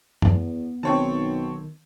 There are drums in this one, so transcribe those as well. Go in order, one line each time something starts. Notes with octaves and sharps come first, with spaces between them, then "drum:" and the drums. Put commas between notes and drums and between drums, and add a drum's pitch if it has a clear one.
E2 B3, drum: tom
B1 D#3 C4 C#5 A5